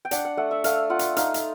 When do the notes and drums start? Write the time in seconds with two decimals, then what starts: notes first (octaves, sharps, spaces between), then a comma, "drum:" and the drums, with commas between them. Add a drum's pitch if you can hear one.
0.05 G5
0.11 D4 F#5, drum: hi-hat
0.25 F#5
0.37 A3 F#5
0.51 E5
0.64 A3 F5, drum: hi-hat
0.90 F4 F#5
0.99 drum: hi-hat
1.16 D#4 F5, drum: hi-hat
1.34 drum: hi-hat